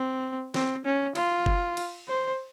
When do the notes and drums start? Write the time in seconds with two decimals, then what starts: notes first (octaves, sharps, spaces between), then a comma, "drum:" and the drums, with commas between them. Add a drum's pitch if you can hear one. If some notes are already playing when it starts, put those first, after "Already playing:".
Already playing: C4
0.54 C4, drum: snare
0.85 C#4
1.15 F4, drum: cymbal
1.46 drum: kick F#1
1.77 drum: cymbal
2.08 C5